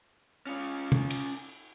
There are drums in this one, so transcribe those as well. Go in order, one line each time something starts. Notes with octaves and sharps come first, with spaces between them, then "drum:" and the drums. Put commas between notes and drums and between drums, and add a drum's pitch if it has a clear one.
C#4 F4
drum: tom
drum: cymbal